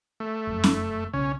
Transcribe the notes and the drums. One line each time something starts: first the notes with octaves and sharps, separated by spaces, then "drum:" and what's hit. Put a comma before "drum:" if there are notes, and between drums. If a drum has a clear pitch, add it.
A3
F1 F#2
drum: snare C#4
B1 C#3 C#4